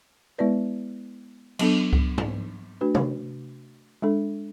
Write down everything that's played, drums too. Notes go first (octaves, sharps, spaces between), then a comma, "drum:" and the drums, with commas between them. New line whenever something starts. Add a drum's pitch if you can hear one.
G#3 B3 E4 B4 D5
F#3 B3 D4 A4, drum: cymbal
drum: kick C#2
drum: tom
A3 D4 F#4 B4
drum: tom C3
G#3 D4 A4